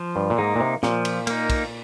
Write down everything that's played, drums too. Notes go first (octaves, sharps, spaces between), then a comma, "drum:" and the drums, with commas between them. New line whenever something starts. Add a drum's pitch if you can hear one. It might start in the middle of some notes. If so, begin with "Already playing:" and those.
Already playing: F3
G2
A#2
G#2 A#3 D#4
A#2
C3
A#2 F3, drum: snare
drum: cymbal
A#3 D#4, drum: cymbal
drum: kick, cymbal